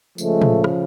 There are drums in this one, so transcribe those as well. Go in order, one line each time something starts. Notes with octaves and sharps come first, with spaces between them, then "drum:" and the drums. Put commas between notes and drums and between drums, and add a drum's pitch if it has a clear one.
C#3 F3 G#3 A3, drum: tambourine
drum: tom
drum: rim click